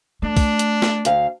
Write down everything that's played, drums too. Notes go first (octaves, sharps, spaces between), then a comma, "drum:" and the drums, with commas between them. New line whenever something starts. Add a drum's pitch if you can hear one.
A3 D4
drum: kick, open hi-hat
drum: hi-hat
drum: snare
D2 F5, drum: hi-hat